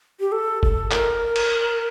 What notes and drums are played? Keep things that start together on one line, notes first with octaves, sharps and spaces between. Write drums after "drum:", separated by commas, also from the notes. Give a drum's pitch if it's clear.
G4
A4
A4, drum: kick F#1
A#4, drum: clap
drum: cymbal